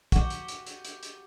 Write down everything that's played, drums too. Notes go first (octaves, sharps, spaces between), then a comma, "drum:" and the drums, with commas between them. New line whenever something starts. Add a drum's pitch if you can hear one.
F#4 G4, drum: kick, hi-hat
drum: hi-hat
drum: hi-hat
drum: hi-hat
drum: hi-hat
drum: hi-hat